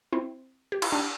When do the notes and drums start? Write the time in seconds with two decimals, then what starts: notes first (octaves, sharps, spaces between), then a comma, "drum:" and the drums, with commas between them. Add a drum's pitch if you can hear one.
0.13 C4 E4
0.72 G4
0.82 E4, drum: cymbal
0.92 D4 G4